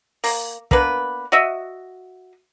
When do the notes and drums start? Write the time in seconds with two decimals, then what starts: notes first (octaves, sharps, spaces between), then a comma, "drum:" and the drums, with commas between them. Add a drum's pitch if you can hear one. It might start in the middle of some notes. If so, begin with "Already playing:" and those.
0.24 A#3, drum: open hi-hat
0.71 A#3 B3 D4 B4, drum: kick
1.32 F#4 D#5 E5